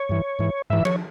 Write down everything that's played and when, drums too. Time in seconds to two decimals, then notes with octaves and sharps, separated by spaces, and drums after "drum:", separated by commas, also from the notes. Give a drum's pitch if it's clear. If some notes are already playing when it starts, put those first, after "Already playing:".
Already playing: C#5
0.09 G2 E3
0.39 G#2 E3
0.70 G#2 E3 E5
0.85 C#5, drum: tom F3